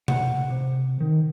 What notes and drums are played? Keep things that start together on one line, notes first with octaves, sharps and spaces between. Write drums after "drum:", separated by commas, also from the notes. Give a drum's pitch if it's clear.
F#5, drum: tom B2
C3
D#3